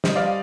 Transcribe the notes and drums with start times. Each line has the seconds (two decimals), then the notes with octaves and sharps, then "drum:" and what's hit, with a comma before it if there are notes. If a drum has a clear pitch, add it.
0.04 G3 C5 D#5, drum: snare
0.16 D5 F5